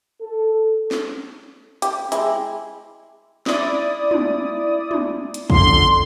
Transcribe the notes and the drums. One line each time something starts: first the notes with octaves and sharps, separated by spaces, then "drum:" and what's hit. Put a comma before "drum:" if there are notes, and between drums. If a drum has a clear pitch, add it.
A4
drum: snare
G4, drum: hi-hat
G#3 E4, drum: hi-hat
E4 D5 D#6, drum: snare
drum: tom
drum: tom
drum: hi-hat
F2 D3 C6, drum: kick